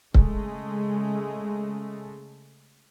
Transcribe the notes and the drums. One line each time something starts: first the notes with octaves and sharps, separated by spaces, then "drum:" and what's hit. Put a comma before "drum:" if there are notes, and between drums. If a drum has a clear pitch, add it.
C#3 G#3 A3, drum: kick C#1